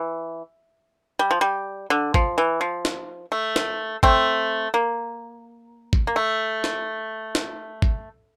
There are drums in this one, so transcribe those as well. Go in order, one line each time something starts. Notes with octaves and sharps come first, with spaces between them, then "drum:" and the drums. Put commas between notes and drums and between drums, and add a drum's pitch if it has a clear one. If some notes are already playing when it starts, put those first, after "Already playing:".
Already playing: E3
G3
F3
G3
D3
F3, drum: kick
E3
F3
drum: snare
A3
drum: snare
A3 C4, drum: kick
A#3
drum: kick
A#3
A3
drum: snare
drum: snare
drum: kick